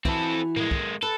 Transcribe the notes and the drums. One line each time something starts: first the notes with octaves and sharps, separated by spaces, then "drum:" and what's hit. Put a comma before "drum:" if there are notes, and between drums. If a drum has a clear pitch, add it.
E3 C4 E4 F#4 A4, drum: kick
G#3 A#3, drum: tom A2
drum: kick
A4 B4